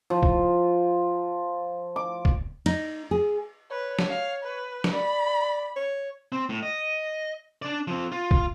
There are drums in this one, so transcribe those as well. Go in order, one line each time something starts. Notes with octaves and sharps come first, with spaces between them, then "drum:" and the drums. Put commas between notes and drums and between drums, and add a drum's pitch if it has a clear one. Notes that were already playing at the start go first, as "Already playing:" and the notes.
F3
drum: kick
D6
drum: kick
D#4, drum: cymbal
G#4
B4 C#5
drum: snare
F5
B4
drum: snare
D5 B5
C#5
C4
A2
D#5
D4 D5
F3 C4
F4
drum: kick